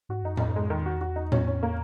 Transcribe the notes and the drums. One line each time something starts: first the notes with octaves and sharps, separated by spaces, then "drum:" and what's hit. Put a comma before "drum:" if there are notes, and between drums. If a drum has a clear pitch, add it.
G#2 F#4
F#2 D#4
E2 D#4, drum: tom A2
F#2
G#3
E2 D#3
F#4
F#4
D#4
C#4, drum: tom A2
C#4
A#3